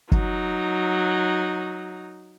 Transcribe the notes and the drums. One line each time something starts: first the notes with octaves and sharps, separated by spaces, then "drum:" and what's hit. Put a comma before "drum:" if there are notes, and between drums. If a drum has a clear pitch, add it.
F#3 D#4, drum: kick